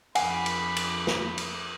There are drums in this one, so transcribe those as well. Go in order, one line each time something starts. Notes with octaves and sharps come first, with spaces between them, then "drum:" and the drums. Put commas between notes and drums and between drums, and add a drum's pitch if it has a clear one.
F2 F#5 G#5 B5, drum: cymbal
drum: cymbal
drum: cymbal
drum: snare
drum: cymbal